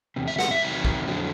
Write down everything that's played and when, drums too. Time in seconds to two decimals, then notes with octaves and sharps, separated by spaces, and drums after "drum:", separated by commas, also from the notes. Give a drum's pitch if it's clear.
0.16 E2 C3
0.28 E5
0.38 F#5, drum: snare
0.51 E5
0.61 E2 C3 D#3 F#3
0.85 drum: kick
1.07 F2 D3 F#3